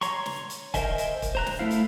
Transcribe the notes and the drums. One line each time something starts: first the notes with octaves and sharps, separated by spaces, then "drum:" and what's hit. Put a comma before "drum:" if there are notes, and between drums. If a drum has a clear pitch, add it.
C#5 A#5 C6 C#6, drum: hi-hat
drum: snare
drum: hi-hat
A#4 C5 D#5 E5 G#5, drum: kick, hi-hat
drum: hi-hat
drum: kick, hi-hat
C5 A#5 F#6
drum: snare
A3 E4 F5
drum: hi-hat